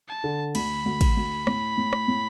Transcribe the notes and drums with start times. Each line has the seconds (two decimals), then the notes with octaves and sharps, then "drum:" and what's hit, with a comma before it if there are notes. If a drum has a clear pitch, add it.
0.08 A5
0.24 D3
0.55 D2 B5, drum: cymbal
0.85 D2
1.01 drum: kick, cymbal
1.17 D2
1.47 A2, drum: rim click
1.77 A2
1.93 drum: rim click
2.08 A2